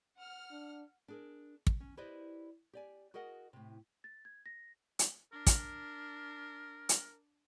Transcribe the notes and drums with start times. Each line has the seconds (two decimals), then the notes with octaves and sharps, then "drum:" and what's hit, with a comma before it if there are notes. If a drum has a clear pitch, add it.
0.18 F#5 F6
0.51 D4
1.08 D4 G#4 A#4
1.67 drum: kick
1.80 C#4
1.97 E4 G4 B4 C5 D5 D#5
2.73 G4 D5 G#5
3.14 F#4 G#4 A#4 D#5 F#5
3.53 A2 C3
4.04 A6
4.25 G#6
4.46 A#6
4.99 drum: hi-hat
5.33 D4 A#4
5.47 drum: kick, hi-hat
6.89 drum: hi-hat